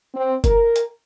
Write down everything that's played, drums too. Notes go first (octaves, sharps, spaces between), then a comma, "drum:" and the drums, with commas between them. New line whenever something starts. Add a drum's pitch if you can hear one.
C4
A#4, drum: kick F#1, hi-hat
drum: hi-hat